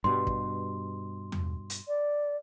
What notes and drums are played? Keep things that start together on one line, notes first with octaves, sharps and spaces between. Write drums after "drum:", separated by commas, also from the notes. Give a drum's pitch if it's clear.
G2 B2 G3 C6
drum: kick
drum: tom E2
drum: hi-hat
D5